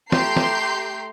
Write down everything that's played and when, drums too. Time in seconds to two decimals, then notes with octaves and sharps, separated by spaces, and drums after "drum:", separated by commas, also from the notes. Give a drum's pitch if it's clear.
0.12 A3 G4 A#5 C6 G6 C7, drum: snare
0.36 drum: snare